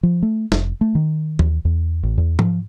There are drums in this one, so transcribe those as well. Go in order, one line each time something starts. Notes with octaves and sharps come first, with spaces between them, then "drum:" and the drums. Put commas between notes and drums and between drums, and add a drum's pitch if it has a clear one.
F3
A3
F1, drum: snare
A3
D#3
D#2, drum: tom
E2
A1
E2
F3, drum: tom G#2